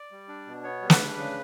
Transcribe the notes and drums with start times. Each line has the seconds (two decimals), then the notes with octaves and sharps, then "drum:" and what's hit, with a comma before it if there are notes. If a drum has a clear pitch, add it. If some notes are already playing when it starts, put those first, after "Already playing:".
Already playing: D5
0.12 G3
0.28 D4
0.47 B2
0.64 B3 C#5
0.82 G3
0.90 B4, drum: snare
0.99 D4
1.17 C#3